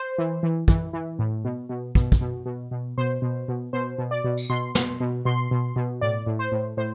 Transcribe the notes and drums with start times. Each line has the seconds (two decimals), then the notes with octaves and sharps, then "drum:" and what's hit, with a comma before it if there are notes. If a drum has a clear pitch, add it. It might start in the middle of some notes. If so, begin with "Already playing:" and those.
Already playing: C5
0.18 E3
0.43 E3
0.68 E3, drum: kick
0.93 E3
1.19 A2
1.44 B2
1.69 B2
1.95 B2, drum: kick
2.12 drum: kick
2.21 B2
2.46 B2
2.71 B2
2.98 B2 C5
3.22 B2
3.48 B2
3.73 B2 C5
3.98 B2
4.11 D5
4.24 B2
4.38 drum: tambourine
4.50 B2 C6
4.75 B2, drum: snare
5.00 B2
5.25 B2 C6
5.51 B2
5.76 B2
6.01 A2 D5
6.26 A2
6.39 C5
6.52 A2
6.77 A2 C5